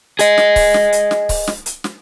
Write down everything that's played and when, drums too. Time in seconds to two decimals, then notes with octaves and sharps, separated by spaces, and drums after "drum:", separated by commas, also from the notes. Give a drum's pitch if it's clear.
0.19 G#4 D#5, drum: hi-hat
0.38 drum: snare
0.56 drum: kick C#1, open hi-hat
0.74 drum: snare
0.93 drum: hi-hat
1.11 drum: snare
1.29 drum: kick C#1, open hi-hat
1.47 drum: snare
1.66 drum: hi-hat
1.84 drum: snare